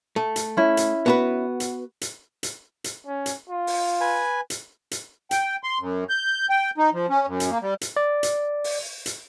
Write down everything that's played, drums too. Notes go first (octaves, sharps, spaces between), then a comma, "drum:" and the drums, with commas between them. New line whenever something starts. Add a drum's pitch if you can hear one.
A3
drum: hi-hat
C#4 E4
drum: hi-hat
B3 F#4 B4
drum: hi-hat
drum: hi-hat
drum: hi-hat
drum: hi-hat
C#4
drum: hi-hat
F4
drum: open hi-hat
B4 G#5
drum: hi-hat
drum: hi-hat
G5, drum: hi-hat
C6
F#2
G6
G5
D#4
F3
C#4
F#2
drum: hi-hat
A#3
G3
drum: hi-hat
D5
drum: hi-hat
drum: open hi-hat
drum: hi-hat